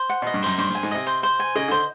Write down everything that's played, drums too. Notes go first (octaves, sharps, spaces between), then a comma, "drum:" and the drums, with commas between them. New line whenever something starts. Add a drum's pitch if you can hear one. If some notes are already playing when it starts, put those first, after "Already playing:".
Already playing: C5
F#5
B2 D#5
G2
F#2 C5, drum: cymbal
G2 C5
G2 G#5
G#2
C3 D#5
C5
C5
G#5
C#3 D#5
D3 C5